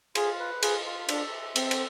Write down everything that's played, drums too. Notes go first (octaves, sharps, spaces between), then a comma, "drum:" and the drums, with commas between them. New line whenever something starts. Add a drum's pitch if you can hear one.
F4 G#4, drum: cymbal
B4
F4 G#4, drum: cymbal
F4
D4 A4, drum: cymbal
E5
C4 A4, drum: cymbal
drum: cymbal